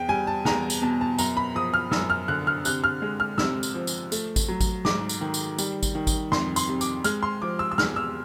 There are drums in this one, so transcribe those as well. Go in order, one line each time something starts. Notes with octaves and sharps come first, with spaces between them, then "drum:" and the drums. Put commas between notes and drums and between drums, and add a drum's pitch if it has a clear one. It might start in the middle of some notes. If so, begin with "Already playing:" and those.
Already playing: E2 G5
G3 G#5
A5
E2 A#5, drum: snare
drum: tambourine
B2 A5
A5
F#2 A#5, drum: tambourine
B5
F3 D#6
F6
F#2 E6, drum: snare
F6
D3 F#6
F6
C3 F#6, drum: tambourine
F6
G#3
F6
C3 E6, drum: snare
drum: tambourine
F3
drum: tambourine
A3, drum: tambourine
drum: kick G#1, tambourine
F#3
drum: kick G#1, tambourine
G#2 D6, drum: snare
drum: tambourine
D#3
drum: tambourine
G3, drum: tambourine
drum: kick G#1, tambourine
D#3
drum: kick G#1, tambourine
F2 C6, drum: snare
C6, drum: tambourine
C3
D6, drum: tambourine
G#3 F6, drum: tambourine
C6
F3 D6
E6
E6
E2 F6, drum: snare
E6